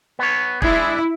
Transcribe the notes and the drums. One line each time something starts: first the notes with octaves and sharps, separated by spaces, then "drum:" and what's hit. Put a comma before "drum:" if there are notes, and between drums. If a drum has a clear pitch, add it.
B3 C#5
G#3 D4 E4 G#4, drum: kick